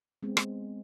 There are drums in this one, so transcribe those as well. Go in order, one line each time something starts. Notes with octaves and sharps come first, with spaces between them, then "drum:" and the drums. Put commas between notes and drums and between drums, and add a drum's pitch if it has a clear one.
G#3 B3 C4
drum: rim click